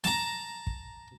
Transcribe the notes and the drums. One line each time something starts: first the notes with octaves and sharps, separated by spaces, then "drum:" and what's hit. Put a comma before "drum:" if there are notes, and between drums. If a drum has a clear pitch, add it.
A5 A#5, drum: snare
drum: kick